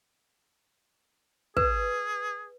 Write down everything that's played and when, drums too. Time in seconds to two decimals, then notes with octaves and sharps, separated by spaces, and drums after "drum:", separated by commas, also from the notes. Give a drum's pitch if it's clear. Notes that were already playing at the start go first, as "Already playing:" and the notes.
1.57 G#4 B4, drum: kick